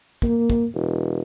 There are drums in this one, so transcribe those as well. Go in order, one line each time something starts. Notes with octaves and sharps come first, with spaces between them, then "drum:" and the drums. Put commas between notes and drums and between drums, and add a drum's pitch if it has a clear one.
A#3, drum: kick
drum: kick
E1